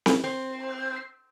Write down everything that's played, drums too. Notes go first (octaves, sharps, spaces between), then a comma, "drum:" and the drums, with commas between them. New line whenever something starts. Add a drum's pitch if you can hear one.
drum: snare C4
C4